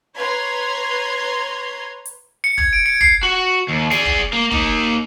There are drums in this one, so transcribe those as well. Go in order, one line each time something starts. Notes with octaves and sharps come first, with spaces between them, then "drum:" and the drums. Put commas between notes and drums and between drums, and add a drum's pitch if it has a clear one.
B4 C#5 A#5 C6 G#6
drum: hi-hat
C#7
G#6, drum: kick
D7
C#7
C7, drum: kick
F#4
D#2
G#4 D5, drum: snare
drum: kick
A#3
A#3 D#4, drum: kick